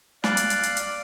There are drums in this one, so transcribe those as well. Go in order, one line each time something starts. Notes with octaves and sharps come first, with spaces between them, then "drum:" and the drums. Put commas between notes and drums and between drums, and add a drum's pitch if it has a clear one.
D5 F5 F#6, drum: snare
drum: hi-hat
drum: hi-hat
drum: hi-hat
drum: hi-hat